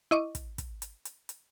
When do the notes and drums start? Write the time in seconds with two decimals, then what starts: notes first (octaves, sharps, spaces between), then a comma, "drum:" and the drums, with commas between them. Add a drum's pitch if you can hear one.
0.11 E4 D#5 C#6 D6
0.35 drum: kick, hi-hat
0.58 drum: kick, hi-hat
0.82 drum: hi-hat
1.05 drum: hi-hat
1.29 drum: hi-hat